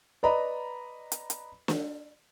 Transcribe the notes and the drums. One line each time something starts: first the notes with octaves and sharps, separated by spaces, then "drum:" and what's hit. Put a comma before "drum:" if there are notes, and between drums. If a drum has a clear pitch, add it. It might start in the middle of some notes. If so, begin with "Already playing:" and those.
B4 D5 D#5 A#5 B5
drum: hi-hat
drum: hi-hat
drum: snare